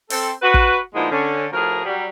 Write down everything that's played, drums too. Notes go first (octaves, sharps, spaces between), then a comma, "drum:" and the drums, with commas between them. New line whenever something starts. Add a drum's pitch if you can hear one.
C4 A4, drum: open hi-hat
F#4 B4
drum: kick
A#2 F3 G#3 B3 D#4 E4
D3 C#4
A2 F3 F#4 G#4 A#4
F#3 G3